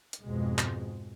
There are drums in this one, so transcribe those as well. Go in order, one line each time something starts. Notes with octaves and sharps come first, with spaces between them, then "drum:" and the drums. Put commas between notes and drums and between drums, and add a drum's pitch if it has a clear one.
drum: hi-hat
F2 G#2 B2 G#3
drum: clap